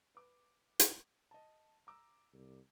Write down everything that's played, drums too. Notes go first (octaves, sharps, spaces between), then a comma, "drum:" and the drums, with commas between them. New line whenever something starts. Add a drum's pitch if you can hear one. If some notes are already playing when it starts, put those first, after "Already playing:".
B4 D6
drum: hi-hat
D#5 A5
A#5 D6 E6
C2